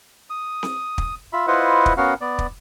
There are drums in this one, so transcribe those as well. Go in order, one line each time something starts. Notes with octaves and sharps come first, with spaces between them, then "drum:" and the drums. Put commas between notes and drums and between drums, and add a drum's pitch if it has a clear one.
D#6
drum: snare C4
drum: kick
F4 E5 B5
E4 F4 B4 C5 D#5 F#5
drum: kick
B3 C#4 F#4 A#4 F5 F#5
B3 D5
drum: kick